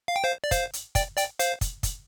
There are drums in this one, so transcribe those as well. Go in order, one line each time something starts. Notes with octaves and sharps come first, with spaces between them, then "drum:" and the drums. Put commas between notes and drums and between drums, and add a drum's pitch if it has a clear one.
F5
G5
C5 F5
D5
C5 F5, drum: kick, hi-hat
drum: hi-hat
D5 G5, drum: kick, hi-hat
D5 G5, drum: hi-hat
C5 F5, drum: hi-hat
drum: kick, hi-hat
drum: kick, hi-hat